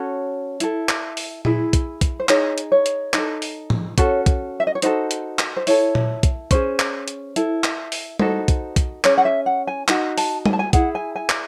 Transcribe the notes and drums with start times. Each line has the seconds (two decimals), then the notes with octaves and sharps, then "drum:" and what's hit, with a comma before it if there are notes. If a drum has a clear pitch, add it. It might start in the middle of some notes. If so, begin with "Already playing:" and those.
Already playing: C#4 F#4 A4 C#5
0.60 E4 A4, drum: hi-hat
0.89 drum: clap
1.17 drum: open hi-hat
1.45 E4 G#4, drum: tom A#2
1.73 drum: kick, hi-hat
2.01 drum: kick, hi-hat
2.20 C5
2.29 D#4 G#4 C#5, drum: clap
2.58 drum: hi-hat
2.72 C#5
2.86 drum: hi-hat
3.14 D#4 A4, drum: clap
3.42 drum: open hi-hat
3.70 drum: tom A2
3.98 C#4 F#4 A4, drum: kick, hi-hat
4.26 drum: kick, hi-hat
4.60 E5
4.67 D#5
4.75 C#5
4.82 D#4 F#4 A4 C5, drum: hi-hat
5.11 drum: hi-hat
5.39 drum: clap
5.57 C5
5.67 E4 A4 C#5, drum: open hi-hat
5.95 drum: tom A#2
6.23 drum: kick, hi-hat
6.51 C#4 G#4 C5, drum: kick, hi-hat
6.79 drum: clap
7.08 drum: hi-hat
7.36 E4 A4, drum: hi-hat
7.64 drum: clap
7.92 drum: open hi-hat
8.19 D#4 F#4 A4 C5, drum: tom G3
8.48 drum: kick, hi-hat
8.76 drum: kick, hi-hat
9.04 C#4 G#4 C#5, drum: clap
9.18 F#5
9.25 E5
9.46 F#5
9.67 G#5
9.88 D#4 F#4, drum: clap
10.18 A5, drum: open hi-hat
10.46 G#5, drum: tom G3
10.53 A5
10.59 G#5
10.73 E4 G#4 F#5, drum: kick, hi-hat
10.95 G#5
11.16 G#5
11.29 drum: clap